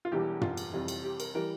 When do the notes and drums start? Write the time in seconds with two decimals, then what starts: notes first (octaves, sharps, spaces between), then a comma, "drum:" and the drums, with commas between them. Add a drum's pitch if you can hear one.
0.05 F4
0.12 E1 E2 E3 G3 G4
0.41 F4, drum: tom
0.57 drum: cymbal
0.73 F1 F2 E3 G3
0.88 drum: cymbal
1.04 G4
1.20 A#4, drum: cymbal
1.35 E3 G3 A#4